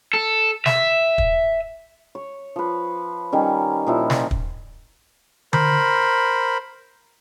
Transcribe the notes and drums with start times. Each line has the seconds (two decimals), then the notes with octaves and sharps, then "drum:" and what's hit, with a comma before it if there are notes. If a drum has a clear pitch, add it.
0.14 A4
0.66 E5, drum: snare
1.18 drum: kick
2.15 C#5
2.56 F3 B4
3.32 D#3 G3 C#4
3.87 A#2 F3 E4
4.10 drum: snare
4.31 drum: kick
5.53 A#4 C5 B5, drum: tom D3